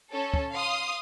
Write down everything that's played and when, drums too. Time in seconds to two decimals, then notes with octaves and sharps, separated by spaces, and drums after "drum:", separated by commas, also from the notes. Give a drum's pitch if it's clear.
0.12 C#4 A4
0.34 drum: kick
0.53 F5 C6 D#6